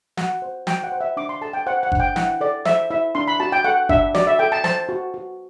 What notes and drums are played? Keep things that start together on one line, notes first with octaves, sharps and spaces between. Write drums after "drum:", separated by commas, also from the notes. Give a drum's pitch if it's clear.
F#4 F#5, drum: snare
C5
F#4 G5, drum: snare
F#5
C5
E5
D4 D6
C6
A4 A5
G5
C5 F#5
F#5
D4, drum: kick G1
G5
E4 F#5, drum: snare
A4 D5
C5 E5, drum: snare
E4 E5
D4 C6
B5
F#4 A5
G5
A4 F#5
D4 E5, drum: kick G1
F#4 D5, drum: snare
E5
A4 G5
A5
C5 A5, drum: snare
F#4
F#4